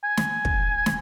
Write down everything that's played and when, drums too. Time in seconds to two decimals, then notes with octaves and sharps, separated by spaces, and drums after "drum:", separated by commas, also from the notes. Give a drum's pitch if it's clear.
0.04 G#5
0.17 drum: snare
0.45 drum: kick
0.86 drum: snare